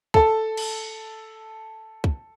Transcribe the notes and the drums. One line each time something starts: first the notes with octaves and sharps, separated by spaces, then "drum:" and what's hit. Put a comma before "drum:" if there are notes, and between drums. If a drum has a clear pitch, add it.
A4 A5, drum: kick
drum: cymbal
drum: kick